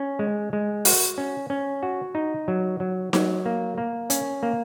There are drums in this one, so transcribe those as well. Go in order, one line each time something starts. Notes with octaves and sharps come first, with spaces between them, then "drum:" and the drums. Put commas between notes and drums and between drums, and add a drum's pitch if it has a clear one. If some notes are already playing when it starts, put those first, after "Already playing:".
Already playing: C#4
G#3
G#3
F#4, drum: open hi-hat
C#4
C#4
F#4
D#4
F#3
F#3
F#3, drum: snare D#4
A#3
A#3
C#4, drum: hi-hat
A#3